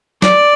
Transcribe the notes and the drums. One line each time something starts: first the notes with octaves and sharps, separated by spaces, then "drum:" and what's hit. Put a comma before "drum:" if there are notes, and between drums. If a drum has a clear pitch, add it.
D5, drum: snare